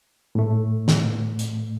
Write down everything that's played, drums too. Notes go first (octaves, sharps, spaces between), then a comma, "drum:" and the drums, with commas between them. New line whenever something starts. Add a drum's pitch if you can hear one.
A2 A3
drum: snare
drum: hi-hat